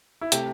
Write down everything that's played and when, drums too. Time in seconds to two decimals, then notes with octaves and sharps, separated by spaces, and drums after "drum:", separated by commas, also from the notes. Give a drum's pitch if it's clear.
0.21 E4
0.32 C3 A3 G4, drum: hi-hat